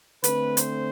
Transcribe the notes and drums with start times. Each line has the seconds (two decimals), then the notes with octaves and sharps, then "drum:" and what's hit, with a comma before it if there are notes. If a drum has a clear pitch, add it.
0.24 D3 A3 C4 B4, drum: hi-hat
0.57 C5, drum: hi-hat